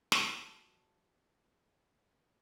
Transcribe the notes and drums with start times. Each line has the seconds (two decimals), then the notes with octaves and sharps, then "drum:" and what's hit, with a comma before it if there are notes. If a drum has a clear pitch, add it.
0.12 F3 F#4 G#4 A5, drum: snare